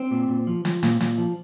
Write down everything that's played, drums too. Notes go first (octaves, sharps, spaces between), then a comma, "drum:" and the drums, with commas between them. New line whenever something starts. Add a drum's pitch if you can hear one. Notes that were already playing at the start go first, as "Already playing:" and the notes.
Already playing: C4
A#2
A#2
F3
F3, drum: snare
A#2, drum: snare
A#2, drum: snare
F3